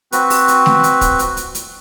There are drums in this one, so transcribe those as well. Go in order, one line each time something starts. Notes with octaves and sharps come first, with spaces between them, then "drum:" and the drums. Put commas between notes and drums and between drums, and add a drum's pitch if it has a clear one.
C4 F#4 B4, drum: hi-hat
drum: open hi-hat
drum: hi-hat
drum: snare A3
drum: hi-hat
drum: kick, hi-hat
drum: hi-hat
drum: hi-hat
drum: hi-hat